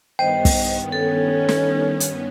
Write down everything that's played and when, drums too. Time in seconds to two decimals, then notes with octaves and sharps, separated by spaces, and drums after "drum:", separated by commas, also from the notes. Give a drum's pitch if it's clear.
0.19 G2 D#3 B3 C5 D#5 G5
0.45 drum: kick, open hi-hat
0.92 C#4 A4
1.49 drum: snare
2.00 drum: hi-hat